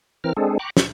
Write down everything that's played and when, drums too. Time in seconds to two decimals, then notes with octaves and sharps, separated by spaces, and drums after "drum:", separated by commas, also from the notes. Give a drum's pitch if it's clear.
0.24 E3 C4 A#4 F6
0.37 G#3 C4 D4 G#4 A4
0.59 G5 A#5 B5 C#6 D6 F#6
0.77 A#5 C#6 E6, drum: snare